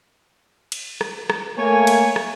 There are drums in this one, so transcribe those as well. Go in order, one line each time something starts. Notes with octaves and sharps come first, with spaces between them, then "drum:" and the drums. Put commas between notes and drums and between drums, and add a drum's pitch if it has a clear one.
drum: cymbal
drum: rim click
drum: rim click
A3 A#3 C#5 G#5
drum: cymbal
drum: rim click